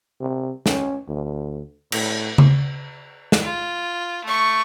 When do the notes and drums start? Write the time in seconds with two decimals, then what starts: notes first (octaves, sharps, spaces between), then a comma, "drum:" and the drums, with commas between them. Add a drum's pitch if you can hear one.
0.20 C3
0.66 C#4, drum: snare
1.08 D2
1.92 A2, drum: cymbal
2.38 drum: tom C#3
3.32 drum: snare
3.42 F4
4.25 A3 C#6